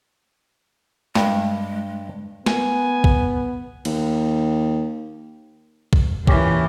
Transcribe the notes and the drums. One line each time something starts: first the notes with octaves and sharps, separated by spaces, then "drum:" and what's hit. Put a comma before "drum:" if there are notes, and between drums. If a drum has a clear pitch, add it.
G2 G#3, drum: snare
B3 G#5, drum: snare
drum: kick
D#2, drum: cymbal
drum: kick
A#2 E3 C#4 G4, drum: kick